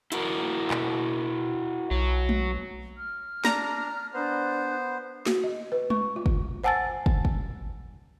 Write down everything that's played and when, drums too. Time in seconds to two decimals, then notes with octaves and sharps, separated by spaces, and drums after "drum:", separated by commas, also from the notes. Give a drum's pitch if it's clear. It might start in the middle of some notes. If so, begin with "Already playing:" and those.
0.12 E4 F#4 A#4, drum: hi-hat
0.71 B2, drum: clap
1.91 B1 F#3
2.29 drum: tom G#3
2.97 F6
3.45 D4 A#5, drum: snare
4.14 B3 D4 C5 D5 F#6
5.26 F#4, drum: snare
5.44 D#5
5.72 B4
5.90 C#6, drum: tom G#3
6.16 F4
6.26 drum: kick
6.64 C5 F#5 G#5 A5 E6 A6
7.06 drum: kick
7.25 drum: kick